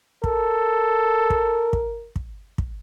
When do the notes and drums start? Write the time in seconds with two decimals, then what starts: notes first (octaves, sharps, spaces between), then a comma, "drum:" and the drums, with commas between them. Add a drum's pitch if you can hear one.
0.24 A4 A#4, drum: kick
1.30 drum: kick
1.73 drum: kick
2.16 drum: kick
2.58 drum: kick